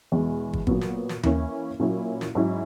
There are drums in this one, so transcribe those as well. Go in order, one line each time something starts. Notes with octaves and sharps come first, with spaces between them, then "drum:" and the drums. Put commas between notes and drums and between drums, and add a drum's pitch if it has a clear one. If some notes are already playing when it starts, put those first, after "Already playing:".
E2 B2 G#3
drum: kick
A#2 F#3 B3, drum: kick
drum: snare
drum: snare
E3 A#3 C#4 E4, drum: tom D#2
A#2 F#3 C#4 E4
drum: snare
G#2 F#3 C#4 E4